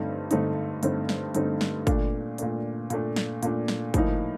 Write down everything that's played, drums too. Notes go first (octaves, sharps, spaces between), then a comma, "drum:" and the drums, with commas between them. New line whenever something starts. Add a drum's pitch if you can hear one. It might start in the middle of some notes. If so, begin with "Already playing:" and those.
Already playing: G2 D3 A3 C4 D#4
G2 D3 A3 C4 D#4, drum: hi-hat
G2 D3 A3 C4 D#4, drum: hi-hat
drum: snare
G2 D3 A3 C4 D#4, drum: hi-hat
drum: snare
A#2 A3 D4, drum: kick, hi-hat
A#2 A3 D4, drum: hi-hat
A#2 A3 D4, drum: hi-hat
drum: snare
A#2 A3 D4, drum: hi-hat
drum: snare
A2 F3 A#3 D#4, drum: kick, hi-hat